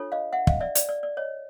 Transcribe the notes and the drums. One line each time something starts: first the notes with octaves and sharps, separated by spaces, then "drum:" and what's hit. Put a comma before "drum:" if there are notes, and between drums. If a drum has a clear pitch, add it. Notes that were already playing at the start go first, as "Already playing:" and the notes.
Already playing: D4 F4 A4 C#5
D#5 F5
E5 F#5
D#5 F5, drum: kick
D5 E5
D5, drum: hi-hat
D5
D5
C#5 D#5